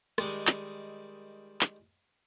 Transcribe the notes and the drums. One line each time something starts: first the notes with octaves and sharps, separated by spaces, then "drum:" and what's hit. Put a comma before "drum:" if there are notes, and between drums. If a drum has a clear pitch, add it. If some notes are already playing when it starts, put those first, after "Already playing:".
D#3 G3 G#3, drum: rim click
drum: clap
drum: clap